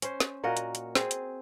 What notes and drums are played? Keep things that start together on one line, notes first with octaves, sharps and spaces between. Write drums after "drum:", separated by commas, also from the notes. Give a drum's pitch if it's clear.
C#4 C5, drum: hi-hat
drum: snare
A#2 F#4 A#4 D#5
drum: hi-hat
drum: hi-hat
C4 G#4, drum: snare
drum: hi-hat